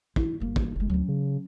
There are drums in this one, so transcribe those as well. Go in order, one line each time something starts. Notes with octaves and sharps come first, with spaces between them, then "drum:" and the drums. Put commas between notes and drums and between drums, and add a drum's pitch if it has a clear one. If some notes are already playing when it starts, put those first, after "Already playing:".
E4, drum: kick
G1 A#3
drum: kick
F#1 D2 G#3
D2 F#3 C#4
C#3